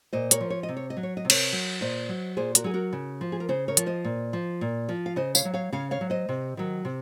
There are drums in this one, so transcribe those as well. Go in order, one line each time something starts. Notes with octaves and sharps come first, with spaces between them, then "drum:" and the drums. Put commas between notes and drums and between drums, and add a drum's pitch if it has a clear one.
A#2 C5 D#5
A#4 C#5, drum: hi-hat
F3
C#5
D#5
C3
C#5
D#5
F#3
C#5
D#5
C3
A#4 C#5, drum: cymbal
F#3
A#2 C5 D#5
F#3
A#2 G#4 C5
F#4 A#4, drum: hi-hat
F#3 G#4
F#4 A#4
C#3
F3
G#4
A#4
C#3 G#4 C5
A#4 C#5
F3, drum: hi-hat
C5 D#5
A#2
F3
A#2
F3
F5
C#3 C5 D#5
C#5 F5, drum: tambourine
F#3
C#5 F5
C#3 C#5 F5
C#5 F5
F#3
C5 D#5
C3
D#3 F#3
C3